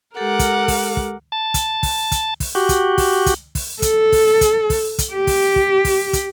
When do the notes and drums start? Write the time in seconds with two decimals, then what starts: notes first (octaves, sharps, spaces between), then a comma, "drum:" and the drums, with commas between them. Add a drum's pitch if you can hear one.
0.17 G#3 G4 A4 A#4 F#5 D6
0.39 drum: kick, hi-hat
0.68 drum: kick, open hi-hat
0.97 drum: kick
1.32 A5
1.54 drum: kick, hi-hat
1.83 drum: kick, open hi-hat
2.12 drum: kick, hi-hat
2.40 drum: kick, open hi-hat
2.55 F#4 G4
2.69 drum: kick, hi-hat
2.98 drum: kick, open hi-hat
3.26 drum: kick, hi-hat
3.55 drum: kick, open hi-hat
3.82 A4, drum: kick, hi-hat
4.12 drum: kick, open hi-hat
4.41 drum: kick, hi-hat
4.70 drum: kick, open hi-hat
4.98 drum: kick, hi-hat
5.13 G4
5.27 drum: kick, open hi-hat
5.56 drum: kick
5.85 drum: kick, open hi-hat
6.13 drum: kick, hi-hat